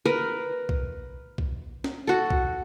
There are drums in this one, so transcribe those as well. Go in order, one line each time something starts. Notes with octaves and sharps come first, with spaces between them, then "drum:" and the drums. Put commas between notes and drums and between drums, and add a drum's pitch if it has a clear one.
A#4 B4
drum: kick
drum: kick
drum: snare
F#4 A4
drum: kick